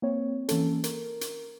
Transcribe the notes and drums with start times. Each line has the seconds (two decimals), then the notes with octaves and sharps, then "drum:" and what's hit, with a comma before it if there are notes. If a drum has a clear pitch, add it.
0.02 A#3 C4 C#5
0.49 E3 A#3 C#4 A4, drum: hi-hat
0.84 A#4, drum: hi-hat
1.21 drum: hi-hat